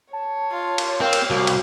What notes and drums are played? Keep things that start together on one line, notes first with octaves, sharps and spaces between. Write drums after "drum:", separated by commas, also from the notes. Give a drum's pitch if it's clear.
C#5 A5
F4
drum: cymbal
C4 A#4 F5
drum: cymbal
C2 F#4
drum: cymbal